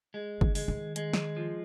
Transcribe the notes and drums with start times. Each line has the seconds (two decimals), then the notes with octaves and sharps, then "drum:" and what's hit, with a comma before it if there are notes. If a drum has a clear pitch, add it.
0.14 G#3
0.41 D3, drum: kick G1
0.55 G#3, drum: open hi-hat
0.68 D#3
0.96 G#3, drum: hi-hat
1.13 drum: snare
1.37 F3